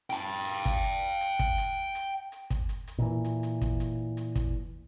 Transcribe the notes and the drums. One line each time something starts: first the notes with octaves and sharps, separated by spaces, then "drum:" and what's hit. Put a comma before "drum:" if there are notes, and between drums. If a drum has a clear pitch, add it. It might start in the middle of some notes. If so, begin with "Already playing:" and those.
G5 A5, drum: hi-hat
drum: hi-hat
drum: hi-hat
drum: kick, hi-hat
drum: hi-hat
drum: hi-hat
drum: kick, hi-hat
drum: hi-hat
drum: hi-hat
drum: hi-hat
drum: kick, hi-hat
drum: hi-hat
drum: hi-hat
A#2 E3
drum: hi-hat
drum: hi-hat
drum: kick, hi-hat
drum: hi-hat
drum: hi-hat
drum: kick, hi-hat